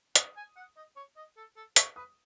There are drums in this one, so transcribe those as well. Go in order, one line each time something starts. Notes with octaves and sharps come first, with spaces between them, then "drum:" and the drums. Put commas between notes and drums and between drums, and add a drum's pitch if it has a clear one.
F#5 D#6, drum: hi-hat
G#5
F#5
D#5
C#5
D#5
A4
A4
A4 C#6, drum: hi-hat
B4 D#6